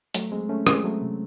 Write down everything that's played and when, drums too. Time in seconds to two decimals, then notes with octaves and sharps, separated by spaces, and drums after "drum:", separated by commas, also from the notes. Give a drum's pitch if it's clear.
0.15 F#3 A3, drum: hi-hat
0.32 G#3 C4
0.49 A3 C#4
0.67 G#3 C4, drum: rim click
0.84 F#3 A3
1.02 C3